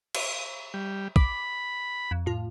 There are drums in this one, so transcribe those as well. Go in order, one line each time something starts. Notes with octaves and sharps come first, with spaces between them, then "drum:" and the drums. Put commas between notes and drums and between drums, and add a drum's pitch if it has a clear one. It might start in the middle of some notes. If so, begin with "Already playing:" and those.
drum: cymbal
G3
B5 D6, drum: kick
F2
A2 F4